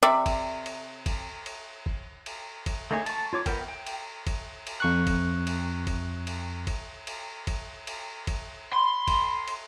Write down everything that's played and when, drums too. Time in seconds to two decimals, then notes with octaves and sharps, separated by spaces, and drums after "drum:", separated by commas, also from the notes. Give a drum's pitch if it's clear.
0.03 C3 D5 E5
0.26 drum: kick, cymbal
0.66 drum: cymbal
1.06 drum: kick, cymbal
1.46 drum: cymbal
1.86 drum: kick
2.26 drum: cymbal
2.66 drum: kick, cymbal
2.91 A3 A#3 D#4 G#4 C#5
3.06 A5 C#6, drum: cymbal
3.33 F4 C#5 D6
3.46 B3 A#4 G5, drum: kick, cymbal
3.68 G5
3.86 drum: cymbal
4.27 drum: kick, cymbal
4.67 drum: cymbal
4.80 F2 C#6 F#6
5.07 drum: kick, cymbal
5.47 drum: cymbal
5.87 drum: kick, cymbal
6.27 drum: cymbal
6.67 drum: kick, cymbal
7.07 drum: cymbal
7.47 drum: kick, cymbal
7.87 drum: cymbal
8.27 drum: kick, cymbal
8.73 B5 C6
9.07 drum: kick, cymbal
9.48 drum: cymbal